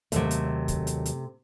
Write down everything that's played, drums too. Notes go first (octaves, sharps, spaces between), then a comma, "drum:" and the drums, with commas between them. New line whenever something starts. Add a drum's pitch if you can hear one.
D#2 C3 F#3 A3, drum: hi-hat
drum: hi-hat
drum: kick, hi-hat
drum: hi-hat
drum: hi-hat